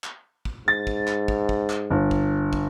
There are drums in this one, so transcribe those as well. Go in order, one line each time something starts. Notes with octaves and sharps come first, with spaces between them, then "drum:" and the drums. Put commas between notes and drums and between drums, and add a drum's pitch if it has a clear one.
drum: clap
drum: kick
G#2 A6
drum: kick
drum: clap
drum: kick
drum: kick
drum: clap
G1
drum: kick
drum: kick